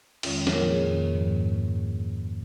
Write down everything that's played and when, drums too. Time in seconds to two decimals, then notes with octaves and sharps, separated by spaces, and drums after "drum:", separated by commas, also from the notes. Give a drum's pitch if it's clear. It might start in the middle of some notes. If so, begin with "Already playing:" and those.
0.23 F2 D#3 G#3 C#4 F4, drum: cymbal
0.47 C#5, drum: snare
0.53 A#2 F3 A#3 F4 A#4
0.68 G#4 C#5
0.83 F2 D#3 A#3
1.12 G#2 F3 A#3